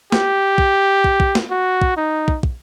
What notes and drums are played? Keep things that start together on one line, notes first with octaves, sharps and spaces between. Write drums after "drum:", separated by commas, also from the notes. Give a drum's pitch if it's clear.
G4, drum: snare
drum: kick
drum: kick
drum: kick
drum: snare
F#4
drum: kick
D#4
drum: kick
drum: kick